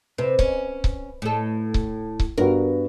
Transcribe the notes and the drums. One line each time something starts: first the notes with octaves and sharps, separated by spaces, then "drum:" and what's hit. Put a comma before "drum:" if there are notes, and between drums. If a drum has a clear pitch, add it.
C3 B4
C#4, drum: kick C#1
drum: kick C#1
A2 A4
drum: kick C#1
drum: kick C#1
G2 B3 F#4 A#4